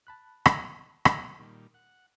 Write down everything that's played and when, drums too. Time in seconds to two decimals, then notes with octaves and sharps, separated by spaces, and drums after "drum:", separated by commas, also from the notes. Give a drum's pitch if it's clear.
0.07 A5 B5 F#6
0.46 drum: rim click
1.05 B2 G3, drum: rim click
1.39 A#2 D#3 G3
1.74 F#5